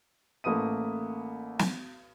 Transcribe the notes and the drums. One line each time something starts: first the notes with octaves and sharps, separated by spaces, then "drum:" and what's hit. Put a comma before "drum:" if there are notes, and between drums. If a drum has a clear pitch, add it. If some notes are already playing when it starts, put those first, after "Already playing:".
A1 A3 A#3 B4 D#6 D#7
drum: snare